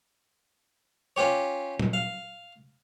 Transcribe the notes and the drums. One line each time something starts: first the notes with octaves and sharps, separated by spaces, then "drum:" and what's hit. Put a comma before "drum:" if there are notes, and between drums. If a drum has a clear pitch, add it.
C#4 F4 G4 C#5
drum: tom A#2
F5